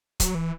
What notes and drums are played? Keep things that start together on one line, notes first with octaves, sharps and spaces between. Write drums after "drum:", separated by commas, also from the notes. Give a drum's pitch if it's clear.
F#3, drum: kick C#1, hi-hat
E3